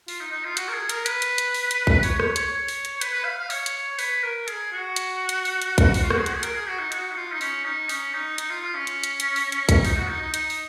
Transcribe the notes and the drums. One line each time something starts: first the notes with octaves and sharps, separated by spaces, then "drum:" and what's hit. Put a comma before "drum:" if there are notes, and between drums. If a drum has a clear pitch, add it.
F4, drum: open hi-hat
D#4
D#4
F4
F#4, drum: hi-hat
A#4
G#4
A#4, drum: hi-hat
B4, drum: hi-hat
drum: hi-hat
drum: hi-hat
drum: open hi-hat
drum: hi-hat
drum: kick
C#5, drum: open hi-hat
C#5, drum: rim click
C#5, drum: hi-hat
C#5
drum: open hi-hat
drum: hi-hat
C#5
B4, drum: hi-hat
B4
F5
F5
C#5, drum: open hi-hat
drum: hi-hat
C#5
B4, drum: open hi-hat
A#4
G#4, drum: hi-hat
F#4
drum: hi-hat
drum: hi-hat
drum: open hi-hat
drum: hi-hat
drum: kick, hi-hat
F#4, drum: open hi-hat
F4
F#4, drum: rim click
G#4
F#4, drum: hi-hat
G#4
A#4, drum: hi-hat
G#4
F#4
D#4
F#4, drum: hi-hat
D#4
F4
D#4
C#4, drum: open hi-hat
D#4
C#4, drum: open hi-hat
D#4
D#4, drum: hi-hat
F4
F4
C#4
drum: hi-hat
drum: hi-hat
drum: hi-hat
drum: open hi-hat
drum: hi-hat
drum: kick, hi-hat
D#4, drum: open hi-hat
F#4
D#4
D#4
D#4, drum: hi-hat
drum: open hi-hat